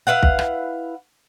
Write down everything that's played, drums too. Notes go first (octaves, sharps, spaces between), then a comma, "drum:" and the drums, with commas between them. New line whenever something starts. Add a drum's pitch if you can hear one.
E4 B4 F5 F#5
drum: kick
drum: rim click